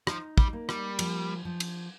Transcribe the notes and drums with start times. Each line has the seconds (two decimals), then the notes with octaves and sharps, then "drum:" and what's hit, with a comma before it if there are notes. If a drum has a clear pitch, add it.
0.07 F3 D#4, drum: rim click
0.38 G3, drum: kick
0.53 A#3
0.69 G3, drum: rim click
0.99 F3, drum: cymbal
1.45 F3
1.60 drum: cymbal